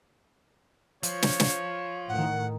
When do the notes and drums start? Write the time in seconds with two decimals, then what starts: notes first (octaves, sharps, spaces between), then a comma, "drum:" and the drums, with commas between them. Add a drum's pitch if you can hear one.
1.03 F3 C#5, drum: hi-hat
1.22 drum: snare
1.40 drum: snare
2.09 A2 D#3 F#5